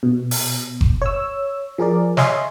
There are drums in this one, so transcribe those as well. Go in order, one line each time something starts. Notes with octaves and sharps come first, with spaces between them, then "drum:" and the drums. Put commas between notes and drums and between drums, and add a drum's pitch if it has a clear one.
B2
drum: open hi-hat
drum: kick F#1
C#5 E6
F3 G#4 A#4 D5
C#5 D#5 E5 G#5 C6, drum: snare